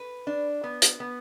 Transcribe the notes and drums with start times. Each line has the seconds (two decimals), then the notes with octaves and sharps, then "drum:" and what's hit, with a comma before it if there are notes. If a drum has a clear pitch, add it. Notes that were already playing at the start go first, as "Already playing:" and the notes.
Already playing: B4
0.27 D4
0.64 B3
0.82 drum: hi-hat
1.00 B3